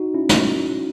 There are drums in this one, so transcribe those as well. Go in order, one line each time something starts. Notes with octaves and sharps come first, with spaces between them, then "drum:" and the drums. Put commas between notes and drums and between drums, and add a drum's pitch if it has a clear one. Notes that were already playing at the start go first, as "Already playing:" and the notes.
Already playing: D#4 F#4
C#4 E4
drum: snare